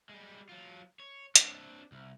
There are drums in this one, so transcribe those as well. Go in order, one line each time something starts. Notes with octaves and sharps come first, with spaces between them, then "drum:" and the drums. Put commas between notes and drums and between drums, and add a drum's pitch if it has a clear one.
G3 G#3
F#3 F4
C#5
C4 D4, drum: hi-hat
C2